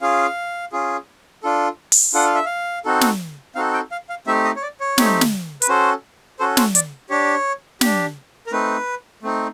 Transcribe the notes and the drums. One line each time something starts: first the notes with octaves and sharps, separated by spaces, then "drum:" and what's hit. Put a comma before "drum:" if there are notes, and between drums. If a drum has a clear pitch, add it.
C#4 F4 G#4 F5
C#4 F4 G#4
D4 F4 A4
drum: open hi-hat
D4 F4 A4 F#5
F5
E5
F5
C4 D#4 F#4 A4
drum: snare
C4 D#4 F#4 A4 F5
G5
F5
F5
A3 C4 D#4 G4 E5
D#5
C#5
D5
C#5
A3 C4 D#4 G4, drum: snare
drum: snare
B4, drum: hi-hat
C#4 F#4 A4 C5
C#4 F#4 A4 C5
C5, drum: snare
D5, drum: hi-hat
D4 G4 C#5
D4 G4, drum: snare
A#4
A3 C4 D#4 B4
A3 C4 D#4